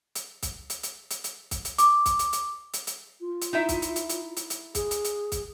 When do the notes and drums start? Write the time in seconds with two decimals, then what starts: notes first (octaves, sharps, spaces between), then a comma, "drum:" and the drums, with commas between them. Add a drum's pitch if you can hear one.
0.15 drum: hi-hat
0.43 drum: kick, hi-hat
0.70 drum: hi-hat
0.83 drum: hi-hat
1.11 drum: hi-hat
1.24 drum: hi-hat
1.51 drum: kick, hi-hat
1.65 drum: hi-hat
1.78 D6, drum: hi-hat
2.06 drum: kick, hi-hat
2.19 drum: hi-hat
2.33 drum: hi-hat
2.74 drum: hi-hat
2.87 drum: hi-hat
3.21 F4
3.42 drum: hi-hat
3.53 D#4 E4 E5
3.69 drum: kick, hi-hat
3.82 drum: hi-hat
3.96 drum: hi-hat
4.09 drum: hi-hat
4.37 drum: hi-hat
4.50 drum: hi-hat
4.75 G#4, drum: kick, hi-hat
4.91 drum: hi-hat
5.05 drum: hi-hat
5.32 drum: kick, hi-hat